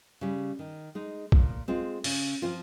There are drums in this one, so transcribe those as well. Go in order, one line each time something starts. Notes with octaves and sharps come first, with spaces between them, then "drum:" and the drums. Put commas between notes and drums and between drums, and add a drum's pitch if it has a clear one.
C#3 G3
D#3
G#3 D#4
A#2, drum: kick
G#3 C4 F4
C#3, drum: open hi-hat
F3 C4 F4